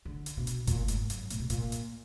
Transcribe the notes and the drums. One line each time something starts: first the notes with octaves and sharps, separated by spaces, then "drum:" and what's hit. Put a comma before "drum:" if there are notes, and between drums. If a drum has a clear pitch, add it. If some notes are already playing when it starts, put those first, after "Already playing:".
D3
drum: hi-hat
B2
drum: hi-hat
A#2, drum: kick F#1, hi-hat
G#2, drum: hi-hat
F#2, drum: hi-hat
A#2, drum: hi-hat
B2
A#2, drum: hi-hat
drum: hi-hat